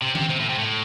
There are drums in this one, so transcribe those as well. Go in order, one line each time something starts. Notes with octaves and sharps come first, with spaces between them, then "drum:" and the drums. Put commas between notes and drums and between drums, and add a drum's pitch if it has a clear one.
C3
C3, drum: tom D#3
C3
A2
C3
A2